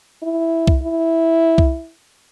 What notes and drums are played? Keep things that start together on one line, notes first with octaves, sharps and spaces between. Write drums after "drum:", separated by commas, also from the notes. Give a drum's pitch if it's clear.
E4
drum: kick C2
E4
drum: kick C2